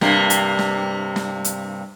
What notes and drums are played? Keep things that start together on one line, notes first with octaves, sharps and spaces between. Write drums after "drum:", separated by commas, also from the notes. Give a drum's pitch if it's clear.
G2 C3 A#3, drum: snare
drum: hi-hat
drum: snare
drum: snare
drum: hi-hat